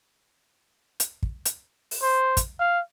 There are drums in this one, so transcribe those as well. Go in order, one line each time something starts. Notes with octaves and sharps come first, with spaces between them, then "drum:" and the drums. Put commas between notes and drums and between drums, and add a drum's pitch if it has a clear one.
drum: hi-hat
drum: kick
drum: hi-hat
drum: open hi-hat
C5
drum: kick, hi-hat
F5